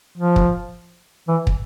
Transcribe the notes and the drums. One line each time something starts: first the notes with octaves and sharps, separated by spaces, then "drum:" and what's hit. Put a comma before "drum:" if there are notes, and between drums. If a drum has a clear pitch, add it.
F3
drum: kick
E3
drum: kick